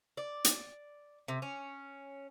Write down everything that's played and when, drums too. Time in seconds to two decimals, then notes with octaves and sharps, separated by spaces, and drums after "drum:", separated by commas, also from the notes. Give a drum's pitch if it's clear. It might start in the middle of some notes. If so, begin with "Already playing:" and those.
0.17 D5
0.44 drum: hi-hat
1.28 C3
1.42 C#4